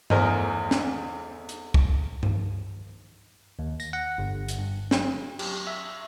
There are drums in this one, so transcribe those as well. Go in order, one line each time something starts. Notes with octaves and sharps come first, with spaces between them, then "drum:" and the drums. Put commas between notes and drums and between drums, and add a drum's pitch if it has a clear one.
A1 E2 G#4 A#4 C5 D#5, drum: tom G2
drum: snare
drum: hi-hat
drum: kick
drum: tom G2
D#2
A#6, drum: tambourine
F#5
G1
drum: hi-hat
G2
F#3, drum: snare
G4, drum: cymbal
E5